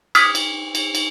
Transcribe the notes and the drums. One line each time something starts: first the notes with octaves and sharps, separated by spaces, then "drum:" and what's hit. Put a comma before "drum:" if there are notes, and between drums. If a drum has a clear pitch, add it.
D6 D#6 F6 G#6 B6, drum: cymbal
drum: cymbal
drum: cymbal
drum: cymbal